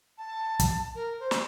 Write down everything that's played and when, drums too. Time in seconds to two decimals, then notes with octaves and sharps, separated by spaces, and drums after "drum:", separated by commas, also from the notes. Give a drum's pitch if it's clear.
0.18 A5
0.60 drum: kick, hi-hat
0.95 A#4
1.20 C5
1.31 drum: snare